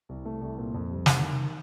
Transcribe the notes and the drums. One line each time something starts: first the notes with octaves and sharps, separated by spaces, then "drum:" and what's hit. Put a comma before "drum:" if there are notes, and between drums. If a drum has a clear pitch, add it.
C2
A3
C2
A#2
F2
G3
D#3, drum: snare
D#3